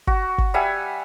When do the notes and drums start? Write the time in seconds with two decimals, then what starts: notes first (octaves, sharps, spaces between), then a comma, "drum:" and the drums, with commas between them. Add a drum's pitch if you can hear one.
0.07 F#4, drum: kick G1
0.38 drum: kick G1
0.54 G3 E5 F#5 G#5